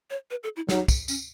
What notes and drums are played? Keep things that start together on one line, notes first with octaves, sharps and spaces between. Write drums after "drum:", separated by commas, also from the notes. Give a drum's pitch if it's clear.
C#5
B4
A4
E4
F#3 D#4, drum: snare
drum: kick, tambourine
C#4, drum: tambourine